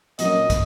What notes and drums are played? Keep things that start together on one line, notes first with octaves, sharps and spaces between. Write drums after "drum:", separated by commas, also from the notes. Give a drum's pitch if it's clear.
A#2 F#3 A#3 C#4 D#5, drum: hi-hat
drum: kick, hi-hat